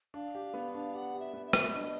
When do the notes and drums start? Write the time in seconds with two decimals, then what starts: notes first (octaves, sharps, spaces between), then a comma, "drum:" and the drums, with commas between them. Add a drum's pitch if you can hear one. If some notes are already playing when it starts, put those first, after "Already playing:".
0.14 D4 F5
0.35 G4
0.54 B3
0.75 D4
0.94 G4 F#5
1.14 G4
1.20 E5
1.34 B3
1.47 E5
1.53 B3, drum: rim click
1.74 D4 D#5